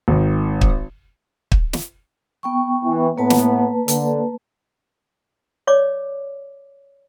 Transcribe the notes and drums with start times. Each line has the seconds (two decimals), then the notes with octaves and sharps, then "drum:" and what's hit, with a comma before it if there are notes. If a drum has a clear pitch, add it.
0.08 G#1 D#3
0.61 drum: kick
1.52 drum: kick
1.73 drum: snare
2.43 B3 G5 C#6
2.85 E3
3.18 A2 A#3 B3 B4 A5
3.30 drum: snare
3.88 D3, drum: hi-hat
5.67 C#5 D5 D6